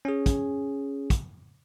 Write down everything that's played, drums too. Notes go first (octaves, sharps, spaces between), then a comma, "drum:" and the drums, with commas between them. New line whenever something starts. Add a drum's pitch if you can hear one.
C#4 G#4
drum: kick, hi-hat
drum: kick, hi-hat